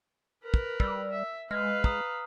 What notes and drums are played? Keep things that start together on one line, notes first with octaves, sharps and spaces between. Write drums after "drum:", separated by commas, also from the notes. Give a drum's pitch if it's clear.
A#4 B4
drum: kick
G3 E6, drum: kick
E5
G#3 B4 F5 F6
A#5 D#6, drum: kick